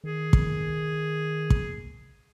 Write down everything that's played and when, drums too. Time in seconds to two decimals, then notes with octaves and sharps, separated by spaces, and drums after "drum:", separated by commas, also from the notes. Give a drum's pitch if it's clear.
0.04 D#3 G#4
0.33 drum: kick
1.50 drum: kick